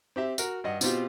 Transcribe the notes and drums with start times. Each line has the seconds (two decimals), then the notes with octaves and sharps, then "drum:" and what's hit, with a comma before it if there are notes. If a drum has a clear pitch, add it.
0.16 C4 G4 E5
0.38 F#4 A#4, drum: tambourine
0.64 G2 D#5 F#5
0.81 B2 C4 F4 G4, drum: tambourine